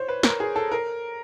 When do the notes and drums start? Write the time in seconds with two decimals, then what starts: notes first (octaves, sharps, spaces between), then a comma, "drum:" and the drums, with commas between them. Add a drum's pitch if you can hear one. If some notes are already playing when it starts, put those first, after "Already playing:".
Already playing: C5 C#5
0.08 B4
0.23 A#4, drum: snare
0.40 G#4
0.56 A4
0.71 A#4